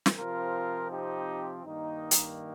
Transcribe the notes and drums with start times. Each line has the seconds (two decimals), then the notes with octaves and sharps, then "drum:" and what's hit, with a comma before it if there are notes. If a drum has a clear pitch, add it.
0.06 drum: snare
0.17 C3 F3 C4 F4 A#4
0.91 D#4 G4
1.64 G2 D#3 A#3 D#4
2.11 drum: hi-hat